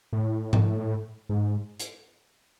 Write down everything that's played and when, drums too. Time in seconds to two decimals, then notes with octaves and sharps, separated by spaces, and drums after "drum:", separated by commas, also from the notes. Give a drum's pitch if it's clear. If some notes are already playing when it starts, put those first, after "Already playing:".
0.13 A2
0.53 drum: tom G#2
1.29 G#2
1.80 drum: hi-hat